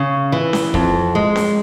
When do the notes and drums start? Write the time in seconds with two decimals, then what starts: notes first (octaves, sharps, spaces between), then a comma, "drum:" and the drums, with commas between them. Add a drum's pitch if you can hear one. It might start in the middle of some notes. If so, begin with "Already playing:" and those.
Already playing: C#3
0.32 E3
0.53 drum: snare C#4
0.74 F2, drum: kick
1.15 G#3
1.36 drum: snare C#4